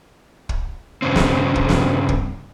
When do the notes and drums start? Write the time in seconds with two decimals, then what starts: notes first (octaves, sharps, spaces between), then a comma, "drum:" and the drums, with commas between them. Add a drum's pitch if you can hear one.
0.49 drum: kick
1.02 G2 C#3 C4
1.16 drum: snare
1.55 drum: kick
1.69 drum: snare
2.09 drum: kick